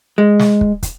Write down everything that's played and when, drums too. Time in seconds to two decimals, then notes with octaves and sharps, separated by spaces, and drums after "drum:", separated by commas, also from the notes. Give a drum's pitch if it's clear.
0.18 G#3
0.39 drum: snare
0.61 drum: kick
0.83 drum: kick, hi-hat